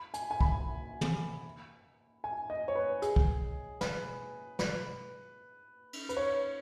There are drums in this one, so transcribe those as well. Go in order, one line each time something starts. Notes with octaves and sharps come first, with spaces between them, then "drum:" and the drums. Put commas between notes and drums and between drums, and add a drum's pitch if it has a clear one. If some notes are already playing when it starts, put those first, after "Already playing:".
Already playing: B5
G#5, drum: hi-hat
G#5
B5, drum: kick
drum: tom
G#5
D#5
C#5
B4
G#4, drum: hi-hat
drum: kick
B4, drum: snare
B4, drum: snare
drum: cymbal
B4, drum: hi-hat
C#5